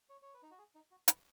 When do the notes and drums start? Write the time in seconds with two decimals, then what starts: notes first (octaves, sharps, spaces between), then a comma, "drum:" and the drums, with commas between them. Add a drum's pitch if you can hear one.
0.09 C#5
0.22 C#5
0.34 B4
0.43 D#4
0.51 F#4
0.58 G#4
0.75 D#4
0.91 F#4
1.08 B4, drum: hi-hat